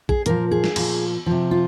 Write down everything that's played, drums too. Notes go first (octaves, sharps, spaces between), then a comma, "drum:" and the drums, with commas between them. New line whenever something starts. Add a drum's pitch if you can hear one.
G#4, drum: kick A#1
A#2 F3 A#4, drum: hi-hat
G#4
drum: snare
A#2 F3, drum: cymbal
C3 F3
F4